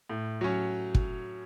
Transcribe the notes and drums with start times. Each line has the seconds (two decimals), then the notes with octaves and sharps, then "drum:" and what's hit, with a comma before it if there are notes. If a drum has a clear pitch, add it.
0.10 A2
0.41 F#3 C#4
0.95 drum: kick